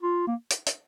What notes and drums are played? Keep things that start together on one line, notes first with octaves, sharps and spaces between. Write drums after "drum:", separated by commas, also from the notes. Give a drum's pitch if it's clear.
F4
A#3
drum: hi-hat
drum: hi-hat